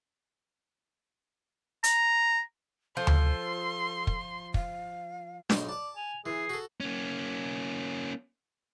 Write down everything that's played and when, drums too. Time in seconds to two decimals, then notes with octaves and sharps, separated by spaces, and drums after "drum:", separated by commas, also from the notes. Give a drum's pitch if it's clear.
1.84 A#5, drum: hi-hat
2.97 F3 A4 C6
3.07 drum: tom D2
4.07 drum: kick
4.54 F5, drum: kick
5.50 B1 G#2 C6, drum: snare D4
5.69 D5 A5 D6
5.97 G#5 F7
6.26 E3 G#4 C7
6.50 F#4 A4
6.80 A#3 C#4